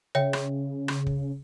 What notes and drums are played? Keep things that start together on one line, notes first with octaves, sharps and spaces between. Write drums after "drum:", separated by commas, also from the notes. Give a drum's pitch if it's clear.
C#3 C#5 E5 G5
drum: rim click
drum: rim click
drum: kick